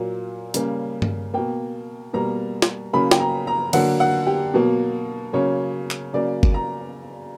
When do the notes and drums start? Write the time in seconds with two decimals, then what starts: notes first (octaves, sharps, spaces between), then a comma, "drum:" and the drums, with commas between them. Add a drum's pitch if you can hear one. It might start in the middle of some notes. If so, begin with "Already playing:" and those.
Already playing: A#2 F#3 A#3
0.54 C#3 G3 A#3, drum: hi-hat
1.02 drum: tom G2
1.34 B2 A#3 G5
2.13 B2 G3 A#3 A#5
2.62 drum: snare
2.93 C#3 F#3 A#3 B5
3.11 G5, drum: snare
3.20 A#5
3.47 A#5
3.73 D3 F#3 A#3 F#5, drum: cymbal
4.00 F#5
4.27 G4
4.54 B2 F#3 A#3
5.33 C#3 F#3 A#3 C#5
5.91 drum: clap
6.13 C#3 F#3 A#3 D5
6.43 drum: kick G1
6.54 A#5